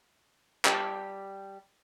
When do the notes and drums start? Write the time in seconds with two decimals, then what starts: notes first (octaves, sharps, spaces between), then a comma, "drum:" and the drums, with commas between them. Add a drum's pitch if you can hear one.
0.65 G3 G4 A5, drum: clap